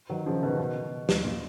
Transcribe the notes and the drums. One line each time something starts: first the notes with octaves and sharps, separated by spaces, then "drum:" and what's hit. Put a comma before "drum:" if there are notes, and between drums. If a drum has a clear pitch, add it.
D#3 F#3
C#3 F3
B2 D#3
C#3
B2
drum: snare
A#2